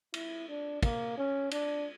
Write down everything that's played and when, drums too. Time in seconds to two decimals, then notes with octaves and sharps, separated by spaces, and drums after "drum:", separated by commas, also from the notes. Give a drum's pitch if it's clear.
0.14 E4, drum: cymbal
0.48 D4
0.83 A#3, drum: kick, cymbal
1.17 C#4
1.51 D4, drum: cymbal